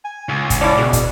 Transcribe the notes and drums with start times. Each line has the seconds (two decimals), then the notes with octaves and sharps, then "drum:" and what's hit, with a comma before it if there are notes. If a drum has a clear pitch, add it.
0.05 G#5
0.29 C#2
0.50 drum: kick, hi-hat
0.61 C#4 E4 D5 A5
0.78 B2 G#4
0.93 drum: kick, hi-hat